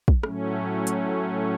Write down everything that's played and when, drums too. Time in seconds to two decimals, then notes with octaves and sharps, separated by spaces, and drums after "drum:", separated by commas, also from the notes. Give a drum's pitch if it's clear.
0.08 drum: kick
0.23 A2 F#3 A3 C#4, drum: rim click
0.87 drum: hi-hat